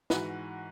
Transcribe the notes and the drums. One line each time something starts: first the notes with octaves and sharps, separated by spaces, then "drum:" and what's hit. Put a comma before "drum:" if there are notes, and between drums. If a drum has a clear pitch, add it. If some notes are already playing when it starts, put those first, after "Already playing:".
G#2 E3 F#4 B4, drum: snare